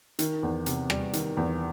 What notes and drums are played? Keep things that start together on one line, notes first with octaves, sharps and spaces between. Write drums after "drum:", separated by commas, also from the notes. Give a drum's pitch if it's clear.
D#3, drum: hi-hat
E2
C3, drum: hi-hat
G3, drum: rim click
D#3, drum: hi-hat
E2